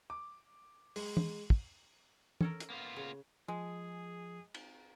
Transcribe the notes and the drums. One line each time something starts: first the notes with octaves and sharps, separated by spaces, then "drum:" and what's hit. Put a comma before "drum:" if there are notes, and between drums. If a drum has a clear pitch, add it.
D6
G#3, drum: open hi-hat
drum: tom
drum: kick
C#4 A4 A#4, drum: tom
drum: hi-hat
A#3 B3 F4
C#3
F3 G#3 G#4
drum: cymbal